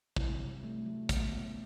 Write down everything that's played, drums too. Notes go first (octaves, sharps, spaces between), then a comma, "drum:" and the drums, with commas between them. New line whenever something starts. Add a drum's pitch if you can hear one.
C3 E4, drum: kick
G3
A3
F#3
B2 B3, drum: kick, hi-hat
B2